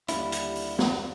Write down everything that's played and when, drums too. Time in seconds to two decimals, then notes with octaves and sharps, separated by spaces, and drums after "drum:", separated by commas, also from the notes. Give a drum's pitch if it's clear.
0.08 D#2 D3 G3 E4, drum: hi-hat
0.32 drum: hi-hat
0.55 drum: open hi-hat
0.79 drum: snare